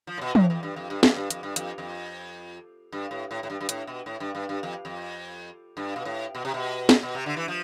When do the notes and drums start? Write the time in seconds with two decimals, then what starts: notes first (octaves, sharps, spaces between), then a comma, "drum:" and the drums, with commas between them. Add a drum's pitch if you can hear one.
0.07 F3
0.18 A2
0.21 B2
0.35 A2, drum: tom
0.50 F2
0.63 G2
0.76 F2
0.90 G2
1.03 F2, drum: snare
1.17 G2
1.30 F2, drum: hi-hat
1.43 G2
1.56 F2, drum: hi-hat
1.78 F2
2.92 G2
3.11 A2
3.31 A2
3.43 A2
3.50 G2
3.61 G2
3.69 A2, drum: hi-hat
3.87 B2
4.06 A2
4.20 G2
4.35 G2
4.49 G2
4.63 F2
4.85 F2
5.77 G2
5.96 B2
6.05 A2
6.35 B2
6.45 C3
6.54 B2
6.89 drum: snare
7.03 B2
7.15 C3
7.26 D3
7.37 E3
7.48 F3